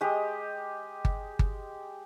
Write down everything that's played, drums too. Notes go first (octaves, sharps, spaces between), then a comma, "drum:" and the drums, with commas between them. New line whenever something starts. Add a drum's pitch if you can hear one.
G#3 G4 D#5
drum: kick G1
drum: kick G1